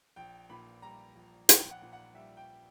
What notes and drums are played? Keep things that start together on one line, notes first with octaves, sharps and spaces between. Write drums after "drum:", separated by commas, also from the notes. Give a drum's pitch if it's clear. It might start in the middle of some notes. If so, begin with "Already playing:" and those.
A#1 G5
A#2 B5
G3 A#5
A#1
A#1 G5, drum: hi-hat
F#5
A#2
F#5
G3 E5
G5